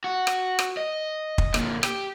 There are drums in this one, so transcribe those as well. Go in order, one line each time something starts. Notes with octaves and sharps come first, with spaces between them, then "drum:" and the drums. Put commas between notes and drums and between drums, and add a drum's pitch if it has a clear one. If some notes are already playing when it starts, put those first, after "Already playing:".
F#4
drum: rim click
drum: rim click
D#5
drum: kick
A#2 D3, drum: rim click
G4, drum: rim click